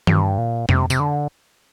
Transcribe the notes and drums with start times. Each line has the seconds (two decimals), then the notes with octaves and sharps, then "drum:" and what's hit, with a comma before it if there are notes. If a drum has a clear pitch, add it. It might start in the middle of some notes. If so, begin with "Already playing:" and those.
0.07 G2, drum: tom D#3
0.38 A#2
0.69 C3, drum: tom F2
0.90 C3, drum: tambourine
1.00 D3